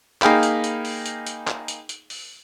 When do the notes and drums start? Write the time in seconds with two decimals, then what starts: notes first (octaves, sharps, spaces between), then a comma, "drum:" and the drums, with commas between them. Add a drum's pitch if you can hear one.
0.22 A#3 D#4 G#4 F5 G5 B5, drum: clap
0.43 drum: hi-hat
0.64 drum: hi-hat
0.85 drum: open hi-hat
1.06 drum: hi-hat
1.27 drum: hi-hat
1.47 drum: clap
1.68 drum: hi-hat
1.89 drum: hi-hat
2.10 drum: open hi-hat